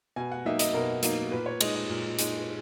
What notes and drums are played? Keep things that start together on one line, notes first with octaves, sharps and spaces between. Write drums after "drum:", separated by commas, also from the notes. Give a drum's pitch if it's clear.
B2 G#5
F#5
F#3 A#3 D#4 E5
D#5, drum: hi-hat
B2 A#4
F#3 A#3 D#4, drum: hi-hat
A#2 B4
C#5
G#3 D#4 D#5, drum: cymbal
D#5
A#2
G#3 D#4, drum: hi-hat